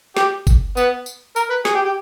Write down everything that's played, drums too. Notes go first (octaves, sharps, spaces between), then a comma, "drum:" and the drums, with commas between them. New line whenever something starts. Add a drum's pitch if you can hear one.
G4, drum: snare
drum: kick F#1, tambourine
B3, drum: tambourine
drum: tambourine
A#4, drum: tambourine
B4
G#4, drum: snare
G4
G4